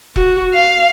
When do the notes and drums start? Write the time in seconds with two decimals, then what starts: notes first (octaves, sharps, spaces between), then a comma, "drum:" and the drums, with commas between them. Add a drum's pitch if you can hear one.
0.16 F#4, drum: kick E1
0.54 F5